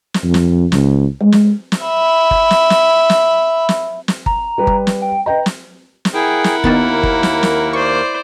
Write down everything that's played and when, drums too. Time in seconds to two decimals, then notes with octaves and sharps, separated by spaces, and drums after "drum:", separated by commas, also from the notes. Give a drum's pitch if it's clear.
0.14 drum: snare
0.24 F2
0.34 drum: snare
0.72 C#2, drum: snare
1.22 G#3
1.32 drum: snare
1.72 drum: snare
1.83 E5 B5
2.31 drum: kick G1
2.51 drum: snare
2.70 drum: snare
3.10 drum: snare
3.69 drum: snare
4.08 drum: snare
4.26 A#5, drum: kick G1
4.58 G3 B4
4.67 drum: kick G1
4.87 drum: snare
5.02 G5
5.26 B4 D#5 G5 A#5
5.46 drum: snare
6.05 drum: snare
6.14 E4 G#4 A#4 F#5 G5
6.44 drum: snare
6.64 D#2 D#3 A#3 B3 A6, drum: kick G1
7.03 drum: kick G1
7.23 drum: snare
7.43 drum: snare
7.73 C5 D5 C#6